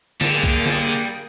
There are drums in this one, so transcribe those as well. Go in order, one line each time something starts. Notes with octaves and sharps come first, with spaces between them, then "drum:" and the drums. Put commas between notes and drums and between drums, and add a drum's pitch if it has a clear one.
D3 G3 A#3 D4 G#4, drum: snare
drum: kick
drum: snare